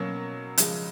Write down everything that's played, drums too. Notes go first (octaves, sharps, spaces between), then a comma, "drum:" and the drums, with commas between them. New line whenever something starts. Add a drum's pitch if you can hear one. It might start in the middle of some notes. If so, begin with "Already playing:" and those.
Already playing: B2 F#3 A#3 C#4
C#3 F3 G#3, drum: hi-hat